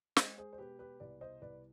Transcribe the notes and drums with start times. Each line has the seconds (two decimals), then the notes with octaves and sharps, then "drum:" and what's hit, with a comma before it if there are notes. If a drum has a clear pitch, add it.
0.17 G#3 C5 D#5, drum: snare
0.38 G#4 C5
0.53 C5
0.58 B2 G4 B4
0.79 G4 B4
1.00 C2 B4 D5
1.21 C5 D#5
1.42 C2 B4 D5